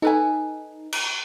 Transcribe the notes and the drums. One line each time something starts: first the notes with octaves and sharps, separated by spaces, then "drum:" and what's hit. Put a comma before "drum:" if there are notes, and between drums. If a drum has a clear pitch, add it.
D#4 A4 B4 G#5
drum: cymbal